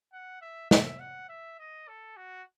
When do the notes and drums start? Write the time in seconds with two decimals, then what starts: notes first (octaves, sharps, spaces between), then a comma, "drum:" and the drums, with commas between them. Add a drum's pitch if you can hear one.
0.12 F#5
0.41 E5
0.71 E5, drum: snare
1.00 F#5
1.29 E5
1.59 D#5
1.88 A4
2.16 F#4